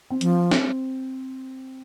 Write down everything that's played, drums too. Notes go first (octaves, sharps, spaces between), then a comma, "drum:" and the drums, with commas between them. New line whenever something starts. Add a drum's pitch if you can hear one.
C4
F3, drum: hi-hat
C4, drum: snare